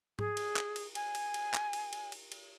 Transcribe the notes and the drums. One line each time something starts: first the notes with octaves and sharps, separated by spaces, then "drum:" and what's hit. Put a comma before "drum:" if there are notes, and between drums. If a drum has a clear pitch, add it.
G#4, drum: tom G#2
drum: cymbal
drum: clap
drum: cymbal
G#5, drum: cymbal
drum: cymbal
drum: cymbal
drum: clap
drum: cymbal
drum: cymbal
drum: cymbal
drum: cymbal